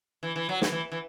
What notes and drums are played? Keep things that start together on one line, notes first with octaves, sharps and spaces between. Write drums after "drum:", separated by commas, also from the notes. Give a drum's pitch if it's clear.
E3
E3
F#3
E3, drum: snare
E3
E3